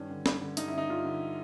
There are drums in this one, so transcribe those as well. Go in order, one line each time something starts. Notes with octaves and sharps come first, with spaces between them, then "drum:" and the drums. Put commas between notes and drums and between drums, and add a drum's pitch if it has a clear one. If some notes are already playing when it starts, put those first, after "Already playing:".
Already playing: G2 D#3 C#4
D3
G2, drum: snare
D3
G2 D#4, drum: hi-hat
E4
D3 D#4
G2 F4
D3